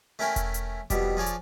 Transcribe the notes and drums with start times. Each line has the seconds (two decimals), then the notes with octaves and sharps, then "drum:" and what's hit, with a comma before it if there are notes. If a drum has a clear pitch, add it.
0.19 A3 C#4 E4 A#4 G5 G#5
0.36 drum: kick E1, hi-hat
0.54 drum: hi-hat
0.90 F2 B2 G3, drum: kick E1, hi-hat
1.17 F3 G#4 C#5 D5
1.26 drum: hi-hat